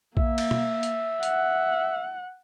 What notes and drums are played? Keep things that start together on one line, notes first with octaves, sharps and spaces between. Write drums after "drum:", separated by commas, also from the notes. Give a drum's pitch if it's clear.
A#3 E5, drum: kick A#1
drum: cymbal
drum: tom
drum: hi-hat
F#5, drum: hi-hat